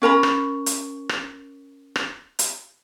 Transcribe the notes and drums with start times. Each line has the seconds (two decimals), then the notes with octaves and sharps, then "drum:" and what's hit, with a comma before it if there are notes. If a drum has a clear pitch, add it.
0.02 C#4 A#4 A#5 B5
0.23 drum: rim click
0.66 drum: hi-hat
1.09 drum: rim click
1.96 drum: rim click
2.39 drum: hi-hat